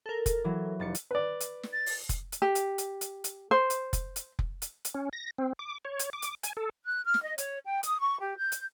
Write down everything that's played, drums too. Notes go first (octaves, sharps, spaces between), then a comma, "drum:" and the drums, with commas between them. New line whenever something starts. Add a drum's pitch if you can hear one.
A4 A#4
drum: kick F1, hi-hat
E3 F#3
F1 A6 C#7
drum: hi-hat
B4 D5
drum: hi-hat
drum: snare
A6
drum: open hi-hat
drum: kick F1, hi-hat
drum: hi-hat
G4
drum: hi-hat
drum: hi-hat
drum: hi-hat
drum: hi-hat
C5
drum: hi-hat
drum: kick F1, hi-hat
drum: hi-hat
drum: kick F1
drum: hi-hat
drum: hi-hat
C#4
A#6
C4
D6
C#5
drum: hi-hat
D6
drum: hi-hat
G#5, drum: hi-hat
A4
F#6
F6
drum: snare
D#5
C#5, drum: hi-hat
G5
D#6, drum: hi-hat
C#6
G4
G6
drum: hi-hat